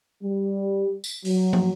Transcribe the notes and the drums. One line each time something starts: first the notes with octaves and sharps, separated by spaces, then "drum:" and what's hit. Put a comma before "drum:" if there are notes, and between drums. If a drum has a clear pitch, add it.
G3
drum: tambourine
F#3, drum: open hi-hat
drum: tom